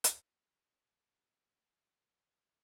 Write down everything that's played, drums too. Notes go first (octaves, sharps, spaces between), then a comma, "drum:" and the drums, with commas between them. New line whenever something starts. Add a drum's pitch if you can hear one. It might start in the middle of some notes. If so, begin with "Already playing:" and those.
drum: hi-hat
E3 C5 F6
B4 F#5 G5 D#6